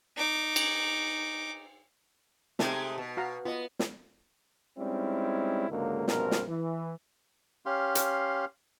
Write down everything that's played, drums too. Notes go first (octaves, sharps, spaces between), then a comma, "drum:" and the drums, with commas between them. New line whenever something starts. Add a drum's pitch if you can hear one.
D#4 D6
drum: cymbal
C3 G#3 A3 D#4 G5, drum: snare
B2
F#4 F5 A#5
B3 F4 D#5
drum: snare
G3 G#3 C4 C#4 D#4 E4
C#2 G#2 D3 F#3 A#3
A#1 G2 B2 C4 A#4, drum: snare
drum: snare
E3
C#4 G4 F5 C6
drum: hi-hat